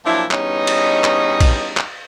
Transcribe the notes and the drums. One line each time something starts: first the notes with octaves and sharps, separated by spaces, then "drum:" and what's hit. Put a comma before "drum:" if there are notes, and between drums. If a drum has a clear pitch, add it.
A#2 F3 F#3 D4 E4
E2 G2 C#4 D#4 C#5 D#5, drum: clap
drum: cymbal
drum: clap
drum: kick, cymbal
drum: clap